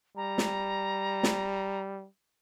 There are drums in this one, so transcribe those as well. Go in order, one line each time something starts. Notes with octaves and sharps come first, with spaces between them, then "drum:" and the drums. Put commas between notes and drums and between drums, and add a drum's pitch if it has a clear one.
G3 A#5
drum: snare
drum: snare